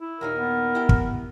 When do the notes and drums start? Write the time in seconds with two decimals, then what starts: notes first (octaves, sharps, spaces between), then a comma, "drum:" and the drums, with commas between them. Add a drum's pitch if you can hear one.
0.01 E4
0.21 D#2 A#2 D#4 A#4
0.38 B3
0.75 E4 G4 G5
0.89 drum: kick